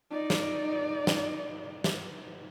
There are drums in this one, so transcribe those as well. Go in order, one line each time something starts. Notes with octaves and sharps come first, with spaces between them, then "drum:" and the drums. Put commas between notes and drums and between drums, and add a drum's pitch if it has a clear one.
D#4 D5
drum: snare
drum: snare
drum: snare